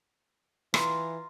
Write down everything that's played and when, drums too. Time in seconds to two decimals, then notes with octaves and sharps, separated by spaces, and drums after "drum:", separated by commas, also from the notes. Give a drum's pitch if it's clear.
0.74 E3 F4 A#5, drum: rim click